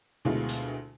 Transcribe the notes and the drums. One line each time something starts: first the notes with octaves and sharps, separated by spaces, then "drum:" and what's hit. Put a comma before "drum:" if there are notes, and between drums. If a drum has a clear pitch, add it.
D2 B2 G#3 E4 F4
drum: hi-hat